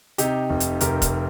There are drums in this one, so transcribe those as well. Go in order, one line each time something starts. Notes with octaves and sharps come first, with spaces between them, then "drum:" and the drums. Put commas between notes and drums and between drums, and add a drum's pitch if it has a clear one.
C3 D#4 G4, drum: hi-hat
F1
drum: hi-hat
F1 G4 A#4, drum: hi-hat
drum: kick F1, hi-hat